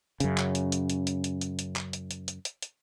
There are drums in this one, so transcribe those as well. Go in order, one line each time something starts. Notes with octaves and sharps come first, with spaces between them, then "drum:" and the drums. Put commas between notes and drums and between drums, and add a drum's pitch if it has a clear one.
F#2 C#3, drum: hi-hat
drum: clap
drum: hi-hat
drum: hi-hat
drum: hi-hat
drum: hi-hat
drum: hi-hat
drum: hi-hat
drum: hi-hat
drum: clap
drum: hi-hat
drum: hi-hat
drum: hi-hat
drum: hi-hat
drum: hi-hat